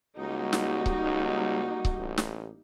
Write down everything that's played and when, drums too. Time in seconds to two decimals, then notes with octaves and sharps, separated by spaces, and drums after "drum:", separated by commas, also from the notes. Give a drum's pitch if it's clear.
0.18 C#2 G3 A#3 D#4 F#4
0.53 drum: snare
0.86 drum: kick C#1
1.02 C#2
1.85 drum: kick C#1
1.98 A1
2.18 drum: snare